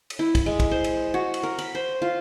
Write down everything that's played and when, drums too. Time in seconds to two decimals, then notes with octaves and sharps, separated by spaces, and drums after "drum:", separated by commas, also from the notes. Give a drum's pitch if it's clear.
0.10 drum: cymbal
0.19 E4
0.35 drum: kick, cymbal
0.46 G#3
0.60 drum: kick, cymbal
0.71 C5
0.84 drum: cymbal
1.14 F#4
1.34 drum: cymbal
1.43 A#4
1.59 B5, drum: cymbal
1.75 C5
2.02 F4